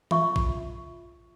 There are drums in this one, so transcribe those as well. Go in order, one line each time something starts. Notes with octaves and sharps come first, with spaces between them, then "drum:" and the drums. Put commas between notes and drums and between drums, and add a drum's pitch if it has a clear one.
F4 E5 C#6, drum: tom E3
drum: kick A1